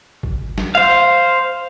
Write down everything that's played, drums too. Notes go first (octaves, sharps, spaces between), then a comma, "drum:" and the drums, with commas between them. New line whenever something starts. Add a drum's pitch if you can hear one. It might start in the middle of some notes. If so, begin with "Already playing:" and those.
drum: kick G1
drum: snare
C5 F5